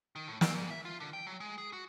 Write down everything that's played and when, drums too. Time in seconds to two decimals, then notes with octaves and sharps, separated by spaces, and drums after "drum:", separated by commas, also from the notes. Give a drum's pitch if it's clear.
0.16 D#3
0.28 A2
0.41 C4, drum: snare
0.54 G#2
0.70 E5
0.85 F4
1.00 D3
1.13 G5
1.27 F#3
1.40 G#3
1.58 G#4
1.73 F#4